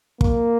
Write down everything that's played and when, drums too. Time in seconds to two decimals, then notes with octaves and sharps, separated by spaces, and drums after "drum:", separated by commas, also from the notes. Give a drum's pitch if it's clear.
0.21 A#3, drum: kick